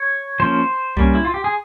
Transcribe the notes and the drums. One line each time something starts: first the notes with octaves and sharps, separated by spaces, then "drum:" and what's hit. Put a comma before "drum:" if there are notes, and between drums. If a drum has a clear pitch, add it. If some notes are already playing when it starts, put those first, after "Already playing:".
Already playing: C#5
F3 A#3 C#4 C5
G3 A#3 C#4, drum: kick C2
E4
F4
G4
G#4